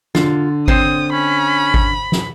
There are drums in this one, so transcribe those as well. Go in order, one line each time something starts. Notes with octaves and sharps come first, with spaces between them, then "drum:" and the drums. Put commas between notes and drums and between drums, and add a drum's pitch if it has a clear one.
D3 F4, drum: snare
C4 C5 C#5 D#6, drum: kick G#1
C#4 B5
drum: kick G#1
drum: snare